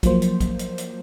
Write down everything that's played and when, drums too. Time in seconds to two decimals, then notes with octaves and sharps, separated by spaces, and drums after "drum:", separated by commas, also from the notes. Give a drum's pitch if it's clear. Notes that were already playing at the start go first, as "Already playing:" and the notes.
0.03 F3 F#3 A#3 C5, drum: kick, hi-hat
0.22 drum: hi-hat
0.40 drum: kick, hi-hat
0.59 drum: hi-hat
0.78 drum: hi-hat